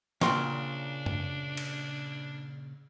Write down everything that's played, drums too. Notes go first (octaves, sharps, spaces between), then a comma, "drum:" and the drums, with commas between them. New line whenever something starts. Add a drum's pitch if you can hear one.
A#2 C#3 D4 F#4 G4 C6, drum: snare
drum: tom F#2
drum: cymbal